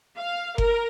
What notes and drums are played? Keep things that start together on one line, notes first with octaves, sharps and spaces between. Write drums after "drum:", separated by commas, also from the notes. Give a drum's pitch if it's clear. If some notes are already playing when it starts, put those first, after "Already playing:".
F5
A#4, drum: kick F#1